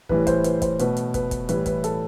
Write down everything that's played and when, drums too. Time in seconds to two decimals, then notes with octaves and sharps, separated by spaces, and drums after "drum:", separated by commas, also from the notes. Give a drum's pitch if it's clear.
0.09 A2 E3 G3 B4, drum: kick
0.27 C5, drum: kick, hi-hat
0.44 B4, drum: hi-hat
0.62 C5, drum: kick, hi-hat
0.79 B2 A3 B4, drum: hi-hat
0.97 drum: hi-hat
1.14 B4, drum: kick, hi-hat
1.31 drum: kick, hi-hat
1.49 A2 E3 G3 B4, drum: hi-hat
1.66 B4, drum: kick, hi-hat
1.84 A4, drum: hi-hat